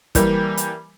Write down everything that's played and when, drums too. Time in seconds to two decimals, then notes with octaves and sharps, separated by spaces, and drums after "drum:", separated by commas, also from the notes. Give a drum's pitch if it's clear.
0.15 E3 G3 A#3, drum: kick, hi-hat
0.57 drum: hi-hat